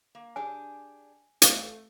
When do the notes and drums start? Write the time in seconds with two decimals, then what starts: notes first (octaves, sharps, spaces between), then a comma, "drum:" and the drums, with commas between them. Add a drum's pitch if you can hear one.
0.15 A#3
0.36 D4 G4 G#4 G#5
1.42 A3 F5, drum: hi-hat